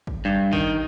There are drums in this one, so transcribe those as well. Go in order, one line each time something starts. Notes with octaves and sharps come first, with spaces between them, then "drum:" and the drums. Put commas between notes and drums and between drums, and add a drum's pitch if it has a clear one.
drum: kick
G2
D#3, drum: kick